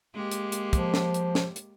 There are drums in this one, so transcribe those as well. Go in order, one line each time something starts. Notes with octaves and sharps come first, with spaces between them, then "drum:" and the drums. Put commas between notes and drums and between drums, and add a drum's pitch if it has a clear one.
G#3 A#3 G4
drum: hi-hat
drum: hi-hat
F3, drum: kick, hi-hat
drum: snare
drum: hi-hat
drum: snare
drum: hi-hat